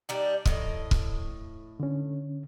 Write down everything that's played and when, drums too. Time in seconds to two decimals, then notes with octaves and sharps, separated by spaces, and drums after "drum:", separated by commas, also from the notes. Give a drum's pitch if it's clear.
0.09 G3 D4 D#4
0.46 F2 A2 D#5, drum: kick
0.91 drum: kick
1.80 D3 C#4